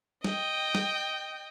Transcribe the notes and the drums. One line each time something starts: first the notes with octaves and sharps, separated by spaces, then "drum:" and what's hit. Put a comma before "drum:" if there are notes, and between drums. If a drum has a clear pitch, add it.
D#5 G5, drum: snare
drum: snare